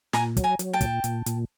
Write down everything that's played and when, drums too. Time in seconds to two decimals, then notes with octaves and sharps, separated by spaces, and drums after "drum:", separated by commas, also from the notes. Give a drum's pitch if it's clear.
0.13 A#2 G#5 A#5, drum: snare
0.37 F#3, drum: kick, hi-hat
0.44 G#5 A#5
0.59 F#3, drum: hi-hat
0.73 G5 A5
0.81 A#2, drum: kick, hi-hat
1.04 A#2, drum: hi-hat
1.26 A#2, drum: hi-hat